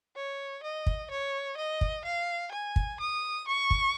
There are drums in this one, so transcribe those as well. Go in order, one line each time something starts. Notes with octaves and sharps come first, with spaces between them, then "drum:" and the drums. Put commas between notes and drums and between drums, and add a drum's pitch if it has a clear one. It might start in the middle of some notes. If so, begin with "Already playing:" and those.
C#5
D#5
drum: kick
C#5
D#5
drum: kick
F5
G#5
drum: kick
D#6
C#6
drum: kick